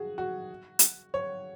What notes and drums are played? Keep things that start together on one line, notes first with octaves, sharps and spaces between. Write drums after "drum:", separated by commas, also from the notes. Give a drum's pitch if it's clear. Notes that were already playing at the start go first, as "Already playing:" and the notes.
Already playing: F#4 G#4
F#4
drum: hi-hat
C#5